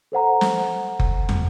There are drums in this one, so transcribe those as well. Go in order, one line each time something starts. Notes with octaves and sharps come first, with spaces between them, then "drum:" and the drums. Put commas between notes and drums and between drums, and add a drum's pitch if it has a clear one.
A4 C5 F#5 A#5
drum: snare
drum: kick F#1
drum: tom